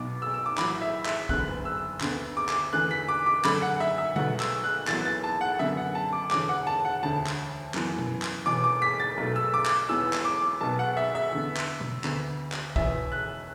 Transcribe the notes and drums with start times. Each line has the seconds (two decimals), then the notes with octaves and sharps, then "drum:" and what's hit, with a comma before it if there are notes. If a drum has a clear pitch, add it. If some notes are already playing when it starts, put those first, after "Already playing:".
Already playing: B1 B2 B3 D6
0.22 E6
0.34 E6
0.46 D6
0.58 A1 A2 F#3 B5, drum: clap
0.81 E5
1.05 E5, drum: clap
1.29 F#1 E2 D3 B3 F#6, drum: kick
1.65 E6
2.01 D2 D3 B3, drum: clap
2.37 D6
2.49 drum: clap
2.73 E2 D3 A3 F#6
2.91 B6
3.09 D6
3.26 D6
3.44 F#2 D3 F#3 A3 B5, drum: clap
3.62 F#5
3.80 E5
3.98 E5
4.16 B1 B2 A3 F#5, drum: tom
4.40 E6, drum: clap
4.64 F#6
4.87 A1 A2 F#3 B3 A6, drum: clap
5.05 A6
5.24 A5
5.41 F#5
5.59 F#2 D3 B3 E5
5.77 F#5
5.95 A5
6.13 D6
6.31 E1 E2 D3 D6, drum: clap
6.49 F#5
6.67 A5
6.85 F#5
7.03 E1 D2 D3 A5
7.27 drum: clap
7.74 F#2 E3 B3, drum: clap
7.98 drum: tom
8.22 drum: clap
8.46 E1 E2 B2 D6
8.64 D6
8.82 B6
9.00 A6
9.18 B1 B2 A3
9.36 E6
9.54 D6
9.65 drum: clap
9.89 E1 E2 E3 B3 E6
10.13 drum: clap
10.25 D6
10.61 B1 B2 B3 A5
10.79 F#5
10.97 E5
11.15 E5
11.33 E2 D3 B3
11.56 drum: clap
11.80 drum: tom
12.04 D2 D3 B3, drum: clap
12.52 drum: clap
12.76 E1 E2 B2 E5, drum: kick
13.12 F#6